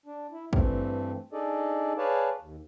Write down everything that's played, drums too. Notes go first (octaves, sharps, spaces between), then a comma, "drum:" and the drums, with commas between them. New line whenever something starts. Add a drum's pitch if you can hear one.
D4
E4
G2 E3 A3 C4, drum: kick
D4 D#4 G#4 A4 D5 D#5
G#4 B4 C#5 D5 F5 A5
D#2